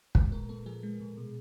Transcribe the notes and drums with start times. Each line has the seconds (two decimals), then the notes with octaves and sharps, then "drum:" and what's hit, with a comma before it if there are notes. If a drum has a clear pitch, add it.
0.15 G#3 B4, drum: kick
0.32 A#2 A#4
0.49 A#2 A4
0.66 F3 G#4
0.83 G#3
1.00 A#2
1.17 B2